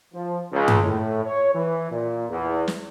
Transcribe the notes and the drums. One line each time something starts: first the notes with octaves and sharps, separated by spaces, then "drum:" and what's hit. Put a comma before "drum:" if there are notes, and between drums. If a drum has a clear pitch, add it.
F3
C#2
drum: tom G2
A2
C#5
E3
A#2
E2
drum: snare